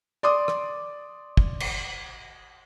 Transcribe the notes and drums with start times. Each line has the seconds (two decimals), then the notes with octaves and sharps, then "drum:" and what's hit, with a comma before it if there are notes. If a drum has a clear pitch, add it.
0.23 D5 C6 D6 D#6
0.48 drum: rim click
1.37 drum: kick
1.60 drum: cymbal